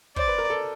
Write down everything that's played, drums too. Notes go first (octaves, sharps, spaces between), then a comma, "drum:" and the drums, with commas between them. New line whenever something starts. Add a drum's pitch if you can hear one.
C5 D5, drum: kick
B4
A#4
A4